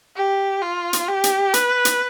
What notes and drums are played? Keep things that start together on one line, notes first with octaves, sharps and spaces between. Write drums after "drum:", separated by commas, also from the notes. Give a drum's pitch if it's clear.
G4
F4
drum: hi-hat
G4
drum: hi-hat
B4, drum: hi-hat
drum: hi-hat